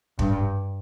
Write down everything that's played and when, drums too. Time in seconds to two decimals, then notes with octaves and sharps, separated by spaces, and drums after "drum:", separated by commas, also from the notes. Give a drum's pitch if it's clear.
0.19 G2, drum: kick